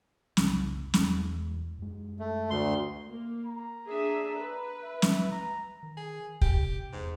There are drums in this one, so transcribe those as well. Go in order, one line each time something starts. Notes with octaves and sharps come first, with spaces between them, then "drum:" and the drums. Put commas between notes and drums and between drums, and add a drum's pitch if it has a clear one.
F#1 C2 C#3, drum: snare
D#1 E2 G#3, drum: snare
F#2 G#3
A3
D2 C6
A#3
A#5
D4 G#4 E5
B4
E5
drum: snare
A#5
D#3
G#4
C3 G4, drum: kick
E2 G#2